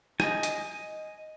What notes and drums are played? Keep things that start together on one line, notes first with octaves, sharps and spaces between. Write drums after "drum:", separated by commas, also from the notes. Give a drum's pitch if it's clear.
D#5 G#5, drum: rim click
drum: hi-hat